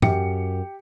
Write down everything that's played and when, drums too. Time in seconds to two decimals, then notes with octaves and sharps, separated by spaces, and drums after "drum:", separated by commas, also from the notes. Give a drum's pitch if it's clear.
0.02 F#2 G4 C#7, drum: tom G#2